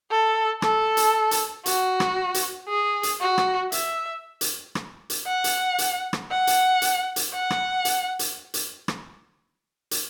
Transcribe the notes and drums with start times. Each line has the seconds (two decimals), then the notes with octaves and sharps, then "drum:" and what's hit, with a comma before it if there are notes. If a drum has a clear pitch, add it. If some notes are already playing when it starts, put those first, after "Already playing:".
0.11 A4
0.62 A4, drum: rim click
0.97 drum: hi-hat
1.31 drum: hi-hat
1.66 F#4, drum: hi-hat
2.00 drum: rim click
2.34 drum: hi-hat
2.68 G#4
3.03 drum: hi-hat
3.21 F#4
3.38 drum: rim click
3.72 E5, drum: hi-hat
4.41 drum: hi-hat
4.75 drum: rim click
5.10 drum: hi-hat
5.27 F#5
5.44 drum: hi-hat
5.78 drum: hi-hat
6.13 drum: rim click
6.31 F#5
6.47 drum: hi-hat
6.82 drum: hi-hat
7.16 drum: hi-hat
7.33 F#5
7.50 drum: rim click
7.85 drum: hi-hat
8.19 drum: hi-hat
8.54 drum: hi-hat
8.88 drum: rim click
9.91 drum: hi-hat